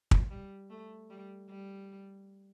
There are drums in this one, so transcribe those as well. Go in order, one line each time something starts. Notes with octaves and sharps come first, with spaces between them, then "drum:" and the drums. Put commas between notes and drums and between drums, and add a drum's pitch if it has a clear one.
drum: kick
G3
A3
G3
G3